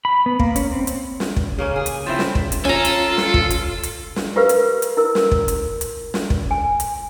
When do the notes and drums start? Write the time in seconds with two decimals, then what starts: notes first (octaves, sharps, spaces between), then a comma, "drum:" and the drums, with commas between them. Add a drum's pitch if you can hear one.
0.05 B5
0.26 B3
0.40 A#3, drum: kick
0.56 C#4, drum: hi-hat
0.71 C4
0.87 drum: hi-hat
1.20 drum: snare
1.37 drum: kick
1.58 C#3 A#3 C#4
1.76 G#4
1.86 drum: hi-hat
2.06 F3 C4 E4
2.19 drum: snare
2.35 drum: kick
2.52 drum: hi-hat
2.65 C#4 F4 A4 G#5 A#5
2.85 drum: hi-hat
3.18 drum: snare
3.34 drum: kick
3.50 drum: hi-hat
3.83 drum: hi-hat
4.16 drum: snare
4.36 F4 G4 A#4 B4 F5
4.49 drum: hi-hat
4.82 drum: hi-hat
4.97 E4 A#4 E6
5.15 drum: snare
5.32 drum: kick
5.48 drum: hi-hat
5.81 drum: hi-hat
6.14 drum: snare
6.30 drum: kick
6.51 G#5
6.80 drum: hi-hat